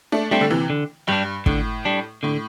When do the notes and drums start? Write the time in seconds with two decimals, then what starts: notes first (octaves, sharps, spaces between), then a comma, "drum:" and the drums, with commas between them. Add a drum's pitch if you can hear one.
0.12 A3 D4
0.31 G3 A3 C4 D4
0.41 D3
0.50 C3 E3
0.70 D3
1.08 G2 G3 D4
1.46 A2 D3, drum: kick
1.85 G3 D4
2.23 A2 D3